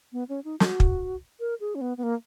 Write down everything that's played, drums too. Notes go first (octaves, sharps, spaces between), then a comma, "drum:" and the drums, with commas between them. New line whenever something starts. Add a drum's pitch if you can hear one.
B3
C#4
D#4
F#4, drum: snare
drum: kick
A#4
G#4
C#4
B3
B3
A#3